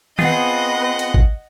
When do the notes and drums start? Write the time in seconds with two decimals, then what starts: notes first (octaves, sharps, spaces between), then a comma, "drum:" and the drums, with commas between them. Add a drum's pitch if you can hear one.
0.19 B3 C4 F4 G#4 D#5 F#5, drum: tom D#3
0.99 drum: hi-hat
1.14 drum: kick